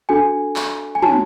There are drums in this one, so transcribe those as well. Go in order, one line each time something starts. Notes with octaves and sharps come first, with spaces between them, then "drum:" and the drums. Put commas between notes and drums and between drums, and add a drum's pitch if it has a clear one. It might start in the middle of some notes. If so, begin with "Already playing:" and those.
D4 F#4 A4 G#5
drum: clap
G#5
F#4 C#5 A5, drum: tom